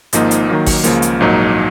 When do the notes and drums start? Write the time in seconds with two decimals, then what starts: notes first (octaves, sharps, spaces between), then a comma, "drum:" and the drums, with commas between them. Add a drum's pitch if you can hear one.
0.13 G#1 G#2 F3 A#3 D#4, drum: hi-hat
0.31 drum: hi-hat
0.49 D#3 F#3 A#3
0.66 drum: kick G#1, open hi-hat
0.84 C#2 C#3 F3 A#3, drum: hi-hat
1.02 drum: hi-hat
1.21 A#1 G#2 F#3 A#3 D#4